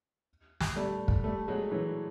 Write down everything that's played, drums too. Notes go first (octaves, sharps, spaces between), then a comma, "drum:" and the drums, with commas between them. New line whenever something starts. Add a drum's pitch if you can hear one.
drum: snare
G3 A3
drum: kick
G3 A3
F#3 G#3
E3 F#3